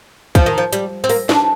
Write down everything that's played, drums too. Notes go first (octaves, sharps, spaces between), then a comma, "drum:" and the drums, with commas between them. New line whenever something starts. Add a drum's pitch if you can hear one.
F3, drum: kick, hi-hat
D#3
F3
G3, drum: hi-hat
C4
A#3, drum: open hi-hat
D4, drum: snare